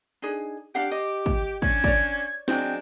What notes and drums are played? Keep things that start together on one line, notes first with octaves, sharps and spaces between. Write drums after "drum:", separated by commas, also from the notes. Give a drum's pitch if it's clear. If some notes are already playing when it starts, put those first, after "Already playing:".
D4 D#4 G#4
D4 G4 F5 F#5
D#5 D6
drum: kick
C#4 D4 G#6, drum: kick
C#5 D5, drum: kick
F#3 G#3 C4 D4 G5 G6, drum: snare